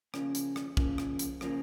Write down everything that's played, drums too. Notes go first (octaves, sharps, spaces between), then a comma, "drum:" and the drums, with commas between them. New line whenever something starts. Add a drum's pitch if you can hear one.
C#3 F3 A#3 C#4, drum: rim click
drum: hi-hat
drum: rim click
C#3 F3 A#3 C#4, drum: kick
drum: rim click
drum: hi-hat
C#3 F3 A#3 C#4, drum: rim click